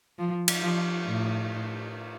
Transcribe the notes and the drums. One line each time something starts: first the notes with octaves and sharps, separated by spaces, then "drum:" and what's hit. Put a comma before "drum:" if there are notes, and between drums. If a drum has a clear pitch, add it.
F3
drum: cymbal
F3
A2